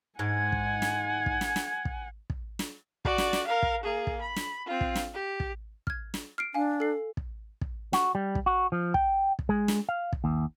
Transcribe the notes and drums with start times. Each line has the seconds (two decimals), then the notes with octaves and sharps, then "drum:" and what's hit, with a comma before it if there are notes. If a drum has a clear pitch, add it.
0.19 G#2 F#5 G#5 G#6
0.52 drum: kick
0.82 drum: snare
1.26 drum: kick
1.41 drum: snare
1.56 drum: snare
1.85 drum: kick
2.30 drum: kick
2.59 drum: snare
3.05 F#4 D5, drum: kick
3.18 drum: snare
3.33 drum: snare
3.47 A#4 F5
3.63 drum: kick
3.83 A#3 G#4
4.07 drum: kick
4.21 B5
4.36 drum: snare
4.66 C4 F4
4.81 drum: kick
4.96 drum: snare
5.14 G4
5.40 drum: kick
5.87 F6 G#6, drum: kick
6.14 drum: snare
6.38 F6 C7 D7
6.54 D4 F5 G#5
6.80 A4 C7
7.17 drum: kick
7.61 drum: kick
7.93 F#4, drum: snare
8.15 G3
8.35 drum: kick
8.46 F#4
8.72 F3
8.94 G5, drum: kick
9.39 drum: kick
9.49 G#3
9.68 drum: snare
9.89 F5
10.13 drum: kick
10.24 D#2